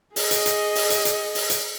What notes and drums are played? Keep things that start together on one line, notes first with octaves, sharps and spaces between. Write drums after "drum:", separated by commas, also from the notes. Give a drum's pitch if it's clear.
G#4 D#5, drum: open hi-hat
drum: hi-hat
drum: hi-hat
drum: open hi-hat
drum: hi-hat
drum: hi-hat
drum: open hi-hat
drum: hi-hat